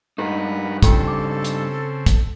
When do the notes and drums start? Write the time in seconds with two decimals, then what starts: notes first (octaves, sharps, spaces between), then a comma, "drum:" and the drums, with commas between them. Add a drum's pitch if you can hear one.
0.18 G2 D#4 G4 A#4 B4 F#5
0.83 C#3 C4 F4 G4 A4 G5, drum: kick, hi-hat
1.08 D6
1.44 drum: hi-hat
2.06 drum: kick, hi-hat